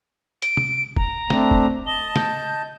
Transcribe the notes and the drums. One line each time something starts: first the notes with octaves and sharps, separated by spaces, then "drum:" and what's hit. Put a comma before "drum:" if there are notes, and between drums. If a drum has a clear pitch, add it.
D7, drum: hi-hat
drum: tom
A#5, drum: kick
A3 C4 D4, drum: snare
drum: kick
D#5 A5 G7
G6, drum: snare